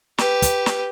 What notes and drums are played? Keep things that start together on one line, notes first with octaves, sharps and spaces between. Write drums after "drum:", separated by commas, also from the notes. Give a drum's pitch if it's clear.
G4 B4, drum: snare
drum: kick, hi-hat
drum: snare